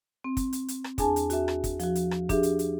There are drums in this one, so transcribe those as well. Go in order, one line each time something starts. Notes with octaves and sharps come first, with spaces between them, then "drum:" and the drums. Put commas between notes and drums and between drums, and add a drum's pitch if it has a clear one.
C4
drum: kick, hi-hat
drum: hi-hat
drum: hi-hat
drum: rim click
E2 D4 G#4 G#5 A5, drum: kick, hi-hat
drum: hi-hat
F#4 E5, drum: hi-hat
drum: rim click
drum: kick, hi-hat
F3 F#4, drum: hi-hat
drum: hi-hat
drum: rim click
D4 G4 G#4 E5, drum: kick, hi-hat
drum: hi-hat
drum: hi-hat